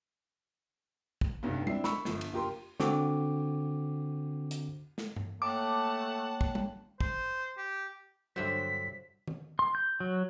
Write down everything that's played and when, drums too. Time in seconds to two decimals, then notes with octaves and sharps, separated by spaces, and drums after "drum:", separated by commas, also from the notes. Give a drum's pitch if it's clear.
1.21 drum: kick
1.43 F1 B1 G2 C3
1.67 C4 D4 E4 C7, drum: tom G3
1.84 B5 C#6 E6, drum: snare
2.05 G1 F3, drum: snare
2.21 drum: cymbal
2.32 F#1 F4 G4 A#4 C6
2.80 D3 C4 F#4 D6, drum: snare
4.51 drum: hi-hat
4.98 drum: snare
5.16 drum: tom G2
5.42 A3 A#3 C#5 F#5 G5 A5 D6
6.41 drum: kick
6.55 drum: tom G3
7.00 C5, drum: kick
7.58 G4
8.36 G2 D3 F#3 C5 E5 B6
9.27 drum: tom D#3
9.59 C6
9.75 G6
10.00 F#3